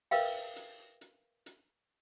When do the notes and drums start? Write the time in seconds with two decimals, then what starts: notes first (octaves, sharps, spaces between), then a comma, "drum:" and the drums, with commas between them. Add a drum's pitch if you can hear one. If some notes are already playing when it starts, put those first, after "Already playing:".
0.11 A#4 B4 E5 F5 G5, drum: open hi-hat
0.56 drum: hi-hat
1.01 drum: hi-hat
1.46 drum: hi-hat